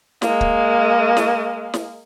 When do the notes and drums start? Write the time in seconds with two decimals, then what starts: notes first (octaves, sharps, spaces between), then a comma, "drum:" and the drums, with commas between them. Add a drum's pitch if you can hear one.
0.22 G#3 A#3, drum: snare
0.41 drum: kick
1.17 drum: snare
1.74 drum: snare